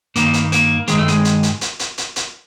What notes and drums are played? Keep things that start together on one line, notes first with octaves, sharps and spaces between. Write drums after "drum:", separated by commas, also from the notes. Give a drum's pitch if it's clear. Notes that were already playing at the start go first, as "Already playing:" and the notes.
G2 D#3 A#3, drum: hi-hat
drum: hi-hat
A#3, drum: hi-hat
D#3 G#3, drum: hi-hat
G2 A3
G#3, drum: hi-hat
drum: hi-hat
drum: hi-hat
drum: hi-hat
drum: hi-hat
drum: hi-hat
drum: hi-hat